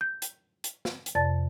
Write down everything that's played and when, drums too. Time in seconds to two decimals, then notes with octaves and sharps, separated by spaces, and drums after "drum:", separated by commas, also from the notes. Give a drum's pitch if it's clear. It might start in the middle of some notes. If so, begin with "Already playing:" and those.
0.01 G6
0.22 drum: hi-hat
0.64 drum: hi-hat
0.85 drum: snare
1.06 drum: hi-hat
1.15 F2 C3 D5 A5 A6